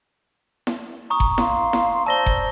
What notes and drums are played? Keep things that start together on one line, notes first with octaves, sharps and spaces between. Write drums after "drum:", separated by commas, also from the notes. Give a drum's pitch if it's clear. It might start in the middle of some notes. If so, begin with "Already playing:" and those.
drum: snare E4
A#5 C#6 D#6
drum: kick F#1
F5 C6, drum: snare E4
drum: snare E4
C5 D5 A5 E6 A#6 G7
drum: kick F#1